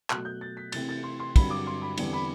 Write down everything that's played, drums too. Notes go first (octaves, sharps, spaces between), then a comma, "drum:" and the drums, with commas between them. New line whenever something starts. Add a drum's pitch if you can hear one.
B2 F#3 A3 F#6, drum: clap
G6
A6
B6
C3 E3 A3 C4 A6, drum: cymbal
A6
C6
C6
G2 D3 F#3 C4 B5, drum: kick, cymbal
D6
C6
B5
E2 D3 G3 C4, drum: cymbal
B5